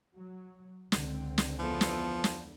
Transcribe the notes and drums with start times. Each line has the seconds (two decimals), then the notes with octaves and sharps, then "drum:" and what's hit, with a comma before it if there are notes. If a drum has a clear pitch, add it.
0.14 F#3
0.92 C#2 D3 C4, drum: snare
1.38 drum: snare
1.59 E2 F3 B3 A4
1.81 drum: snare
2.24 drum: snare